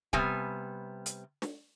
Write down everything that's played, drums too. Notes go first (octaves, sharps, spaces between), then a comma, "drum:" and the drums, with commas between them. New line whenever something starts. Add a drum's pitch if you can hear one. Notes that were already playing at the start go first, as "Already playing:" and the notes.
C3 G3 B3 G#5, drum: kick D1
drum: hi-hat
drum: snare